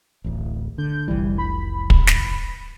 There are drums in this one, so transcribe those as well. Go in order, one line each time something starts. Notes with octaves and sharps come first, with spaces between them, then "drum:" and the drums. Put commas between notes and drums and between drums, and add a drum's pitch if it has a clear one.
D1 A1
D3 G6
F1 C2 E3 G3
B5
drum: kick
drum: snare